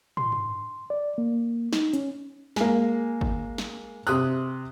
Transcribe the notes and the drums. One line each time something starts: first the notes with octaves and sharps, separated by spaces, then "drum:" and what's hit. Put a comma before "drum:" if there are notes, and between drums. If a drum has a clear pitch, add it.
C6, drum: tom
drum: tom
D5
A#3
D#4, drum: snare
C#4, drum: hi-hat
G#3 A#3, drum: snare
drum: kick
drum: snare
C3 D#6 F#6, drum: tambourine